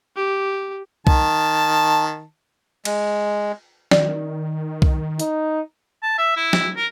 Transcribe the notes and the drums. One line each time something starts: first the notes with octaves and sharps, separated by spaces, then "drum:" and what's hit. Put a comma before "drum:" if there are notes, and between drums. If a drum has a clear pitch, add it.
G4
D#3 A5, drum: kick B1
G#3, drum: cymbal
D#3 D5, drum: snare
drum: kick B1
D#4, drum: hi-hat
A5
E5
E4
drum: snare
A#4